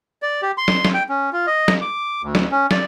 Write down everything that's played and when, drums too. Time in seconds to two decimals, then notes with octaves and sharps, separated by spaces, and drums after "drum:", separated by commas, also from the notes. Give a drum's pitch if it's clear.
0.22 D5
0.42 G4
0.58 C6
0.68 drum: snare
0.85 drum: snare
0.94 G5
1.09 C#4
1.33 F4
1.47 D#5
1.68 drum: snare
1.81 D6
2.23 D2
2.35 drum: snare
2.51 C#4
2.71 D5, drum: snare